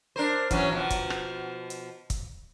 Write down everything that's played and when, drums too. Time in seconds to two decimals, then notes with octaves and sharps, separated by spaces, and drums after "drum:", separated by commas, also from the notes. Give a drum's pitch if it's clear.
0.16 D4 A#4 C5
0.51 E3 F#3 C#4, drum: kick, hi-hat
0.71 B2 F3
0.90 drum: kick, hi-hat
1.10 drum: rim click
1.70 drum: hi-hat
2.10 drum: kick, hi-hat